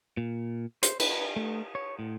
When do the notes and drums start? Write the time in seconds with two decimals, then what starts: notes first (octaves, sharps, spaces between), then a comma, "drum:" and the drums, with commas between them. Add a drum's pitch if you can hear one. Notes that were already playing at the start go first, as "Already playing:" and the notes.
0.17 A#2
0.83 C5, drum: hi-hat
1.00 B4, drum: cymbal
1.36 A3
1.75 C#5
1.99 A2